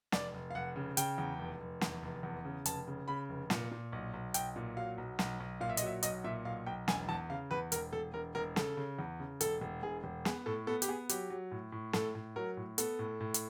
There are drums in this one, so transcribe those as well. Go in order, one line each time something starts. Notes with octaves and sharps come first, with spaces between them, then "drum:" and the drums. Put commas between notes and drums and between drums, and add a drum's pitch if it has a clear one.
F1 D5, drum: snare
F1
F5
F1 F#5
C#3
C#3 G5, drum: hi-hat
E2
F1
F1
E2, drum: snare
F1
E2
C#3
F1 A5, drum: hi-hat
C#3
C#3 B5
F1
A#2, drum: snare
A#2
B1
B1
B1 G5, drum: hi-hat
A#2
F#3 F5
B1
B1, drum: snare
B1
A#2 F5
E5
D#5, drum: hi-hat
F#3 E5
B1 D#5, drum: hi-hat
A#2 E5
B1 F5
B1 G5
E1 G#5, drum: snare
E2 A5
C#3 F5
E2 B4
E1 A#4, drum: hi-hat
E1 A4
E1 A#4
E1 A#4
C#3 A4, drum: snare
C#3
E2
C#3
E1 A4, drum: hi-hat
E1
E1 G#4
E1
B3 G#4, drum: snare
A2 A4
B3 A4
G4, drum: hi-hat
B3 G#4
F#3 G4, drum: hi-hat
F#3
A2
A2
A2 A4, drum: snare
A2
F#3 A#4
A2
B3 A4, drum: hi-hat
A2
A2
drum: hi-hat